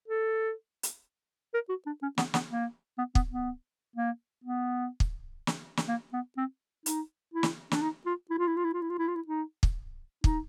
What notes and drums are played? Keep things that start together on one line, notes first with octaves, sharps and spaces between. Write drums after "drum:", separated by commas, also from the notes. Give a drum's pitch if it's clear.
A4
drum: hi-hat
A#4
F#4
D4
C#4
B3, drum: snare
B3, drum: snare
A#3
B3
B3, drum: kick
B3
A#3
B3
drum: kick
drum: snare
drum: snare
A#3
B3
C4
D#4, drum: hi-hat
E4
drum: snare
D4, drum: snare
D#4
F4
E4
F4
E4
F4
E4
F4
E4
F4
E4
F4
E4
D#4
drum: kick
D#4, drum: kick